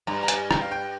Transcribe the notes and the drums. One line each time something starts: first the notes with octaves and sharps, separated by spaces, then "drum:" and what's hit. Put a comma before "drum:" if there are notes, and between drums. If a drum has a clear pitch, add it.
G2 A#5
A#5
G#5, drum: hi-hat
G5, drum: rim click
F5
G5